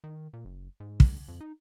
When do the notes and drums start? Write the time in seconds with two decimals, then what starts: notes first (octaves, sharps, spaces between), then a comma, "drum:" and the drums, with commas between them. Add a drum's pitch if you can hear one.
0.04 D#3
0.33 A#2
0.45 F#1
0.80 G#2
1.00 D2, drum: kick
1.28 F2
1.41 D#4